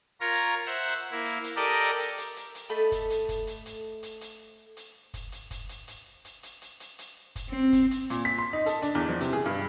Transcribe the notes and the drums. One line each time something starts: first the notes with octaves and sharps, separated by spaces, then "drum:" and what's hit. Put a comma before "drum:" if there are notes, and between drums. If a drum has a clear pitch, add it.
F4 A#4 C#5 A#5
drum: hi-hat
C5 E5 F#5
drum: hi-hat
A#3 E4
drum: hi-hat
drum: hi-hat
G4 A4 A#4 D5 D#5
drum: hi-hat
drum: hi-hat
drum: hi-hat
drum: hi-hat
drum: hi-hat
A3 A4 D#5 B5
drum: kick, hi-hat
drum: hi-hat
drum: kick, hi-hat
drum: hi-hat
drum: hi-hat
drum: hi-hat
drum: hi-hat
drum: hi-hat
drum: kick, hi-hat
drum: hi-hat
drum: kick, hi-hat
drum: hi-hat
drum: hi-hat
drum: hi-hat
drum: hi-hat
drum: hi-hat
drum: hi-hat
drum: hi-hat
drum: kick, hi-hat
C4
drum: kick, hi-hat
drum: hi-hat
A#2, drum: hi-hat
B6
C6
D#4
A4, drum: hi-hat
D4, drum: hi-hat
E2
F3
C3, drum: hi-hat
G#4
G2